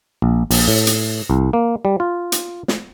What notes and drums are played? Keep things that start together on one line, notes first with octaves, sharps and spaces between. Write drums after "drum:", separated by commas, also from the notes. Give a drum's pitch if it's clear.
A#1
A#1, drum: open hi-hat
A2
drum: hi-hat
C2
A#3
G3
F4
drum: hi-hat
drum: snare